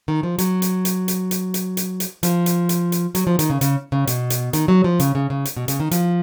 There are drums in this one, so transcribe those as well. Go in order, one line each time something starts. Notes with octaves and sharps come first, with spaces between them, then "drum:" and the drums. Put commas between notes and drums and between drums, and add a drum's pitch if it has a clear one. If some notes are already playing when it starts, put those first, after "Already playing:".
D#3
F3
F#3, drum: hi-hat
drum: hi-hat
drum: hi-hat
drum: hi-hat
drum: hi-hat
drum: hi-hat
drum: hi-hat
drum: hi-hat
F3, drum: hi-hat
drum: hi-hat
drum: hi-hat
drum: hi-hat
F#3, drum: hi-hat
F3
D#3, drum: hi-hat
C#3
C#3, drum: hi-hat
C#3
B2, drum: hi-hat
drum: hi-hat
D#3, drum: hi-hat
F#3
F3
C#3, drum: hi-hat
C#3
C#3
drum: hi-hat
B2
C#3, drum: hi-hat
D#3
F3, drum: hi-hat